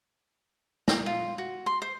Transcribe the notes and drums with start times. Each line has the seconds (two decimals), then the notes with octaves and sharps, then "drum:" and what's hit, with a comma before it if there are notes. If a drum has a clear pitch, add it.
0.88 A#5, drum: snare
1.06 F4
1.38 F#4
1.66 C6
1.82 C5